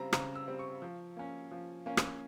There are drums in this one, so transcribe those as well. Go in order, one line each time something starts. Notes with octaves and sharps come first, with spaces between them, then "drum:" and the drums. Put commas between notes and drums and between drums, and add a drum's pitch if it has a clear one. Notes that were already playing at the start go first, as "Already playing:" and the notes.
Already playing: C#3 G3 C4 A#5
C#3 A#5, drum: rim click
E6
G3 C4
C#6
F3
A#3 C#4
F3
A#3 C#4
drum: rim click